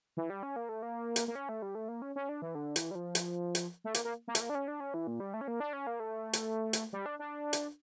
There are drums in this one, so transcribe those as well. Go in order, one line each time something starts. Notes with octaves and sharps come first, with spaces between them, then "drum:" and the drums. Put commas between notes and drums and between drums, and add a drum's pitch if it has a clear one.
E3
G3
C#4
A#3
A3
A#3
drum: hi-hat
A#3
C#4
A3
G3
A3
A#3
C#4
C#4
D4
E3
D3
E3, drum: hi-hat
G3
F3
drum: hi-hat
drum: hi-hat
A3
A#3, drum: hi-hat
A#3
A#3
A3, drum: hi-hat
A#3
D4
C#4
D4
C#4
E3
A#2
G3
A3
C#4
A#3
D4
C#4
A#3
A3
drum: hi-hat
drum: hi-hat
G3
D4
D4
drum: hi-hat